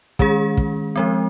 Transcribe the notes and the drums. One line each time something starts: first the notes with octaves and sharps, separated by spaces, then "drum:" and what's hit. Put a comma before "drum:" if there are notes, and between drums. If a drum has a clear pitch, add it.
D#3 G#3 C#4 G#4, drum: kick
drum: kick
F3 G#3 C4